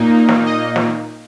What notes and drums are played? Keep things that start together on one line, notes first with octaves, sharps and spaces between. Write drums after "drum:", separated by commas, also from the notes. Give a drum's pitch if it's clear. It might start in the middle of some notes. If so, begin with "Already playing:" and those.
Already playing: A#2 A#3 D#4
drum: snare
D#5
drum: snare